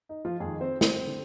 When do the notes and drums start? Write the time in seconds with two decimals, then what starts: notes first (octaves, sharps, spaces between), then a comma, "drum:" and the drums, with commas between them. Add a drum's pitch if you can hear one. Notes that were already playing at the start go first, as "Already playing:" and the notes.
0.09 D#4
0.25 F3 F4
0.40 F2 D#3 G#3 G#4
0.61 C4 C5
0.81 C4 C5, drum: snare
1.05 D3